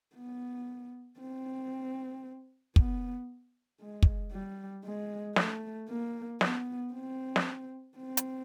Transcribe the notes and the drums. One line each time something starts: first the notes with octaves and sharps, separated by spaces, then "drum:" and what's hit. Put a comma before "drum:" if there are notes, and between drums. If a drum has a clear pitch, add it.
B3
C4
B3, drum: kick
G#3
drum: kick
G3
G#3
A3, drum: snare
A#3
B3, drum: snare
C4
drum: snare
C4
drum: hi-hat